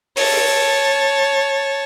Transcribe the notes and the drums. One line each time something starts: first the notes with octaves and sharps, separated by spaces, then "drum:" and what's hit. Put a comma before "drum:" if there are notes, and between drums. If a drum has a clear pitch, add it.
C#5 A5, drum: open hi-hat
drum: open hi-hat